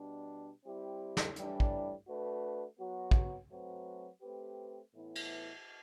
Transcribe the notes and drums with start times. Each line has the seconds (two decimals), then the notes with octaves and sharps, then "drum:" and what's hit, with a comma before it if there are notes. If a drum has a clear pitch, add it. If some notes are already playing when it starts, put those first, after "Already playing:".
Already playing: B2 G3 D4
0.65 G3 C4 E4 G4
1.17 drum: snare
1.36 A2 E3 G3 D4, drum: hi-hat
1.60 drum: kick
2.08 A3 D4 F#4 B4
2.79 F#3 B3 F#4
3.11 drum: kick
3.50 F#3 A3 C4 F#4 B4
4.22 A3 C4 G4 B4
4.93 A2 E3 B3 E4
5.15 drum: cymbal